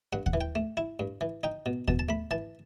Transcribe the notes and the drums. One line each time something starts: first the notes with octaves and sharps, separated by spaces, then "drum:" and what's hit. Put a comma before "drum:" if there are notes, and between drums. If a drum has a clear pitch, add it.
G2 F#5
F#5, drum: kick D#2
E3
G5
A3
E4
G2
E3
D#4 G5
B2
B2 A5, drum: kick D#2
A5
A3 B5
E3 A5